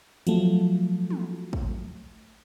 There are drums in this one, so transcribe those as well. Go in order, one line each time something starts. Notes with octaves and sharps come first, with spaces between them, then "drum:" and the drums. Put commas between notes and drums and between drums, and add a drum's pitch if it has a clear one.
F3 F#3 A3, drum: hi-hat
drum: tom
drum: kick